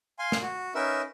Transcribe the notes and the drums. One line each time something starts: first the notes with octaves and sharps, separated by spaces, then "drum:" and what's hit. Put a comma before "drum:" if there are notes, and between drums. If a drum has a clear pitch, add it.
F5 G#5 C6
drum: snare
F#4
C#4 D#4 A#4 B4 E5